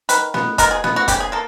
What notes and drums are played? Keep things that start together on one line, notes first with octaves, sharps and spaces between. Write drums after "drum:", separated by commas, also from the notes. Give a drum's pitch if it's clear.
D#3 B4, drum: hi-hat
B3, drum: snare
B2 A#4, drum: kick, hi-hat
G#4
B3, drum: snare
F#4
C#3 G4, drum: kick, hi-hat
G#4
A#3 A4